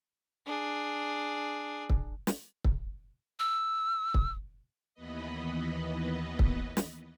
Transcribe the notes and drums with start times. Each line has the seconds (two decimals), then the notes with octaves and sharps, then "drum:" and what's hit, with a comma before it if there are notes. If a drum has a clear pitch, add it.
0.46 D4 G#4
1.90 drum: kick
2.27 drum: snare
2.64 drum: kick
3.39 E6
4.14 drum: kick
4.95 D#2 E3 B3 B4 D#5
6.39 drum: kick
6.77 drum: snare